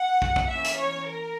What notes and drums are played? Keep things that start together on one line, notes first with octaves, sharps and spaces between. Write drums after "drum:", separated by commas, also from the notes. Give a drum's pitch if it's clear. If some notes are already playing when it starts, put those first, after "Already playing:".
Already playing: F#5
drum: kick
drum: kick
E3 A#3 C#4 E5
drum: hi-hat
C#5
A#4